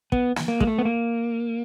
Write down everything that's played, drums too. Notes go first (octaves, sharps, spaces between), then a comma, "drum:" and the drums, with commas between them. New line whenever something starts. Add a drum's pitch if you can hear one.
B3, drum: kick
drum: snare
A#3
G#3, drum: kick
A3
B3
A#3